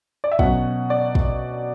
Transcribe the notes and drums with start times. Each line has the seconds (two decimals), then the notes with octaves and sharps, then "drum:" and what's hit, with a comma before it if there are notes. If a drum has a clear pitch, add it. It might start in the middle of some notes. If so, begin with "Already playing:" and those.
0.24 D5
0.32 E5
0.39 B2 F#3 C#4 F#5, drum: kick
0.90 D5
1.15 drum: kick